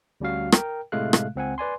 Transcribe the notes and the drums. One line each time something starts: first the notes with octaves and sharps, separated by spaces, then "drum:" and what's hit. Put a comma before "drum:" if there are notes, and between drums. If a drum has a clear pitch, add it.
D2 G3 C#4 F#4 F5
A#4 G5, drum: rim click
A2 C3 G#3 A3 F5 F#6
drum: rim click
C#2 C4 F#5 G#5
B4 D5 G#5 C6